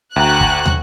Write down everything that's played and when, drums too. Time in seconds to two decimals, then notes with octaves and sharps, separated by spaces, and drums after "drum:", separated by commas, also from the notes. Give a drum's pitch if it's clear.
0.16 D2 F#4 E5 G5 A#5 F#6
0.41 drum: kick
0.66 drum: tom